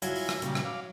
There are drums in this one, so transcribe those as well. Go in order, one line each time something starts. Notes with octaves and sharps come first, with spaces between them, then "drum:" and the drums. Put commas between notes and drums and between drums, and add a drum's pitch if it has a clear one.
F#3 E4 F4 G#5, drum: hi-hat
drum: open hi-hat
drum: rim click
A#2 C#3 G3, drum: hi-hat
drum: rim click
F5 D6